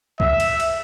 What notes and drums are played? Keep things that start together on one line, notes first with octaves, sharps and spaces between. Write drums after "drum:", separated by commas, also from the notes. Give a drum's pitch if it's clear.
E5, drum: kick C2
drum: cymbal
drum: cymbal